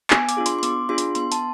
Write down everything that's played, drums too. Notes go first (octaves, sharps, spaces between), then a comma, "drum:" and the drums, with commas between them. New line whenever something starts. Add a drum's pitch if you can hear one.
B3 G#5, drum: clap
D6, drum: hi-hat
D4 F4 G#4
C6, drum: hi-hat
C6
B3 D6, drum: hi-hat
D4 F4 G#4 C6
drum: hi-hat
B3 C6, drum: hi-hat
A5, drum: hi-hat